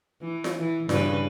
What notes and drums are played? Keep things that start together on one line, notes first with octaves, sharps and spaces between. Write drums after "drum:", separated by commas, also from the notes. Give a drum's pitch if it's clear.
E3
drum: snare F4
E3
G2 C#3 B4, drum: snare F4